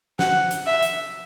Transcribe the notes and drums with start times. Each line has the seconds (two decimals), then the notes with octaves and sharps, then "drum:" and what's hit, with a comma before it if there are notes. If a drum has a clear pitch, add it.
0.19 F#5, drum: snare
0.51 drum: hi-hat
0.67 E5
0.82 drum: hi-hat